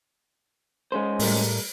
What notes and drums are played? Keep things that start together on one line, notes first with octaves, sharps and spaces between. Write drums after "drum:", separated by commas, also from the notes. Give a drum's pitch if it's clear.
G#3 C#4 C5
A2 G3 A3 A#4, drum: open hi-hat